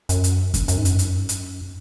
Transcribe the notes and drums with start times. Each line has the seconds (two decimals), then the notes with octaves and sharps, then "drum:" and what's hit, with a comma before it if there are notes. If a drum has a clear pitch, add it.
0.09 F#2, drum: hi-hat
0.24 drum: hi-hat
0.54 drum: kick F2, hi-hat
0.68 F#2, drum: hi-hat
0.78 G#2
0.85 F#2, drum: hi-hat
0.99 drum: hi-hat
1.29 drum: hi-hat